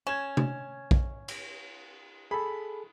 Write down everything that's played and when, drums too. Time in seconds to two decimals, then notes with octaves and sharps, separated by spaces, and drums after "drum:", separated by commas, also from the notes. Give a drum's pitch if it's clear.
0.07 C#4 G#6 E7
0.37 drum: tom C3
0.91 drum: kick A#1
1.28 drum: cymbal
2.31 G#4 A4 B5